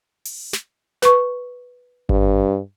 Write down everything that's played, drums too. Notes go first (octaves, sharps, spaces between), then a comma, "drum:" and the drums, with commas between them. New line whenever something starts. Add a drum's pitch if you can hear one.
drum: open hi-hat
drum: snare
B4 C#6, drum: snare
G2, drum: kick G#1